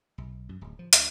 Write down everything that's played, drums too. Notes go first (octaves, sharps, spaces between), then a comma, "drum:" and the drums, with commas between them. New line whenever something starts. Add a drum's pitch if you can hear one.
B1
F#2
D1
F3
D2, drum: hi-hat